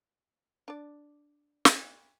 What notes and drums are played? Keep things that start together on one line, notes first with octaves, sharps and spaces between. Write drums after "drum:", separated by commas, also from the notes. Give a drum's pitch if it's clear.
D4 D5
drum: snare